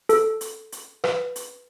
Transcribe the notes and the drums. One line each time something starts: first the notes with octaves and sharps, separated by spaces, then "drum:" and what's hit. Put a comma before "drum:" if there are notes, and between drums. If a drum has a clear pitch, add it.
A4, drum: hi-hat
drum: hi-hat
drum: hi-hat
B4, drum: rim click
drum: hi-hat